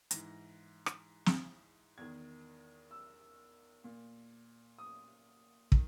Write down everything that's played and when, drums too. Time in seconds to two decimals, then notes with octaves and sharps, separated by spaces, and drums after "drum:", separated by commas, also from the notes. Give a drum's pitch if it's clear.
0.11 G#2 E3 A#6, drum: hi-hat
0.86 drum: rim click
1.26 drum: snare
1.98 E2 D#3 G#6
2.91 E6
3.84 A#2
4.79 D#6
5.72 D#3, drum: kick